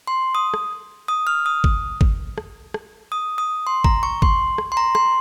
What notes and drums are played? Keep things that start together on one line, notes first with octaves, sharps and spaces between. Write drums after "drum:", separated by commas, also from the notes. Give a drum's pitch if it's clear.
C6
D#6
drum: rim click
D#6
F6
D#6
drum: kick
drum: kick
drum: rim click
drum: rim click
D#6
D#6
C6
A#5, drum: kick
C#6
C6, drum: kick
drum: rim click
C6
A#5
C6, drum: rim click